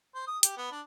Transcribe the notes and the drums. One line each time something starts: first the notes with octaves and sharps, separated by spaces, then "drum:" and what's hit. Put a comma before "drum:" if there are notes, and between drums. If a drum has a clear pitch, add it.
C5
D#6
G4, drum: hi-hat
B3
D4